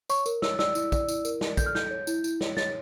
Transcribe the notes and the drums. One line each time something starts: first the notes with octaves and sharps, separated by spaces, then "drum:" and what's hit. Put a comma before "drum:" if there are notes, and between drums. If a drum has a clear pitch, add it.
C#5 C#6, drum: tambourine
A#4, drum: tambourine
C#5 E6, drum: snare
D5 E6, drum: snare
E4, drum: tambourine
D5, drum: kick, tambourine
E4, drum: tambourine
A#4, drum: tambourine
D5, drum: snare
A4 G6, drum: kick, tambourine
F6
A4 G6, drum: snare
C#5
E4, drum: tambourine
E4, drum: tambourine
C#5, drum: snare
C#5 A6, drum: snare